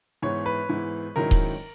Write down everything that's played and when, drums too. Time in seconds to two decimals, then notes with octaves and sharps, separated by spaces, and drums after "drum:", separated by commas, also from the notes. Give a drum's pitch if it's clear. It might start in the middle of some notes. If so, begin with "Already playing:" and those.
0.22 G#2 E3 B3 E4 C#5
0.46 B4
0.69 G#2 E3 B3 E4
1.16 G#2 D#3 F#3 C#4 E4 A#4
1.31 drum: kick D#1